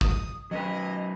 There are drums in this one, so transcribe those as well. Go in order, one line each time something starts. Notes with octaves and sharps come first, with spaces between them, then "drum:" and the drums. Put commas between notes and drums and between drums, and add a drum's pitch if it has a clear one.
D#6, drum: kick
F#3 C#4 B4 D#5